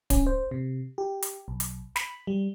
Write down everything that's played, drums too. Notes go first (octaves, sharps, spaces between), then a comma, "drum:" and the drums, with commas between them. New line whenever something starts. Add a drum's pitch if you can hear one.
C#4, drum: kick D1, hi-hat
C5
C3
G4
drum: hi-hat
B1
drum: hi-hat
B5, drum: snare
G3